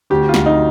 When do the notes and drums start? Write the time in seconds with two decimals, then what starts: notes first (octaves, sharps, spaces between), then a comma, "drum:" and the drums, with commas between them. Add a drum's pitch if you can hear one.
0.10 D2 G4
0.29 F4
0.34 D2, drum: snare
0.46 D#4